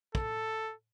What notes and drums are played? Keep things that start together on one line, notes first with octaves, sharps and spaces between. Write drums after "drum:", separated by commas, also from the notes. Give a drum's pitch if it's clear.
A4, drum: kick